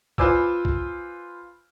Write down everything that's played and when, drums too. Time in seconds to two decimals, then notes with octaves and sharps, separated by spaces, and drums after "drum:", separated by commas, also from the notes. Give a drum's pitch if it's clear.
0.18 F4 B4 C5 G#5 D6 E6, drum: kick B1
0.65 drum: kick B1